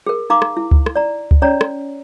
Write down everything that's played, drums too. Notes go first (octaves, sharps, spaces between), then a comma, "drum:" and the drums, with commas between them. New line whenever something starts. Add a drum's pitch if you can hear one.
G#4 A#4
D#4 F5 A#5 D6
drum: rim click
E4
drum: kick C#2
drum: rim click
D5 A#5
drum: kick C#2
C#4 C#5 D5 A#5
drum: rim click